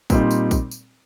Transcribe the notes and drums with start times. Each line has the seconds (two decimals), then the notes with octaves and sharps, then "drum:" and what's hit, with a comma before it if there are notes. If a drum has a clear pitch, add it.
0.10 A#2 G3 C4 D#4, drum: kick, tambourine
0.31 drum: tambourine
0.51 drum: kick, tambourine
0.71 drum: tambourine